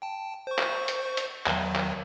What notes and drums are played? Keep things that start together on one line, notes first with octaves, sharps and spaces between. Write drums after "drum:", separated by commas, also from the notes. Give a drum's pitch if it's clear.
G5 A5
C5 C#6
drum: clap
drum: hi-hat
drum: hi-hat
E2 D#3 F#3, drum: clap
drum: clap